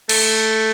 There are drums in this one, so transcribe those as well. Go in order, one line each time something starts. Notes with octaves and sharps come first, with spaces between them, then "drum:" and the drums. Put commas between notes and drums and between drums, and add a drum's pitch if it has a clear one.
A3, drum: cymbal